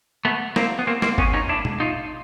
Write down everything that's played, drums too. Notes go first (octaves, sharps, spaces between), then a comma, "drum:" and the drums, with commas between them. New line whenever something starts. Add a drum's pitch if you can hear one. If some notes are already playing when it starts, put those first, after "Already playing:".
A3 B3
A#3 C4, drum: snare
B3
A#3 C4
A#3 C4, drum: snare
B3 C#4, drum: kick
C#4 D#4
D4 E4
drum: tom B2
D#4 F4